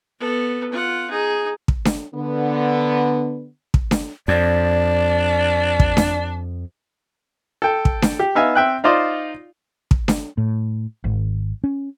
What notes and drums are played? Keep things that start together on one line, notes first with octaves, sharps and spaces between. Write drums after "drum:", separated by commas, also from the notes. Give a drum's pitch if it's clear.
B3 A4
F4 F#5
D#4 G#4
drum: kick
drum: snare D4
D3 B3
drum: kick
drum: snare D4
F2 D4 D5
drum: kick
drum: snare D4
A4 G5
drum: kick
drum: snare D4
G4
B3 D#4 E5 F5 G#5
C4 E5 G5 F#6
D#4 F4 C5 D5 D#5
drum: kick
drum: snare D4
A2
G#1
C#4